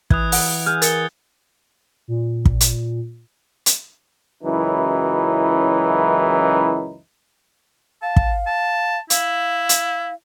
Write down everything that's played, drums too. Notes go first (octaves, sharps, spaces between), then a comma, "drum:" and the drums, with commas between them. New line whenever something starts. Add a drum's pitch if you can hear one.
E3 D#6 F#6 G#6, drum: kick
F#5, drum: open hi-hat
G#4 F6 G6
A#4 A6 C#7 G7, drum: hi-hat
A#2
drum: kick
drum: hi-hat
drum: hi-hat
C#2 F#2 E3 F#3 D#4 E4
F5 A5
drum: kick
A5
E4 F5, drum: hi-hat
drum: hi-hat